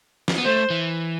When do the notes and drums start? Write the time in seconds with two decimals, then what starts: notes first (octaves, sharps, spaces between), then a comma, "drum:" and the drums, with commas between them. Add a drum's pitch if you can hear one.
0.28 drum: snare
0.38 B3
0.45 A3 C5
0.70 E3